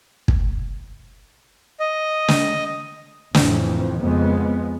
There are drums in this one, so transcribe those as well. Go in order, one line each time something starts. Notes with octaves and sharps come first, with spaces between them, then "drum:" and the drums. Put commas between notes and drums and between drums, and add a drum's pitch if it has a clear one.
drum: kick
D#5
drum: snare
A1 F2 A2 E3, drum: snare
F2 C#3 G#3 B3